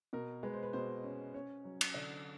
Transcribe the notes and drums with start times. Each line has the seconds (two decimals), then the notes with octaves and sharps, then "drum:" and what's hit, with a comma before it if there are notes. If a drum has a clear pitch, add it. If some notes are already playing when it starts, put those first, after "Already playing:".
0.13 B2 A#4
0.43 G#3 B4
0.53 C5
0.63 B4
0.73 B2 C5
1.04 C#4
1.34 C#4 C#5
1.64 F#3
1.81 drum: cymbal
1.94 D3 D5